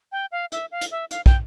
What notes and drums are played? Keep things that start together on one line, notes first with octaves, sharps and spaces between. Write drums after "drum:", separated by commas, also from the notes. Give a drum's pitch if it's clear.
G5
F5
E5, drum: hi-hat
F5
drum: hi-hat
E5
F5, drum: hi-hat
G5, drum: kick